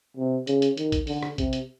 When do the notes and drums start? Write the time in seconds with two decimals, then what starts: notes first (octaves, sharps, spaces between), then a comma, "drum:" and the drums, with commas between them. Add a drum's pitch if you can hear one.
0.17 C3
0.47 C#3, drum: hi-hat
0.62 drum: hi-hat
0.77 D#3, drum: hi-hat
0.92 drum: kick, hi-hat
1.07 D3, drum: open hi-hat
1.23 drum: rim click
1.38 C3, drum: kick, hi-hat
1.53 drum: hi-hat